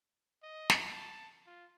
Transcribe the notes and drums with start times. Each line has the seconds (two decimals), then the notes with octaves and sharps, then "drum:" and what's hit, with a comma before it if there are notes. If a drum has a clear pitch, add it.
0.43 D#5
0.70 drum: snare
0.90 A5
1.47 F4